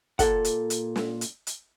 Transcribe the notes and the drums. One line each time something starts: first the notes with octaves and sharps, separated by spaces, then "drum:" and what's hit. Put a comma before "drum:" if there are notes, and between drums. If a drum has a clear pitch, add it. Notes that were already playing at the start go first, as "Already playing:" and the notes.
A#2 A4 F#5, drum: kick, hi-hat
drum: hi-hat
drum: hi-hat
drum: snare
drum: hi-hat
drum: hi-hat